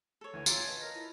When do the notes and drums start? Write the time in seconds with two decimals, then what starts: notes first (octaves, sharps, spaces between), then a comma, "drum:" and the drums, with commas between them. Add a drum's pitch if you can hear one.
0.21 A4 C#5
0.33 D2 E3 G#5
0.46 F4 C#5 A#5 D6 E6, drum: tambourine
0.66 B4 D#5 A5
0.81 A#4 A#5
0.94 E4